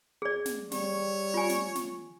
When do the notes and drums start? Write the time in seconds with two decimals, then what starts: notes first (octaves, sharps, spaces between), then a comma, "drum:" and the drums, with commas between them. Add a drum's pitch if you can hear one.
0.22 G#4 D5
0.46 drum: snare
0.71 G3 C#5, drum: snare
1.34 F4 G#5
1.49 drum: snare
1.75 drum: snare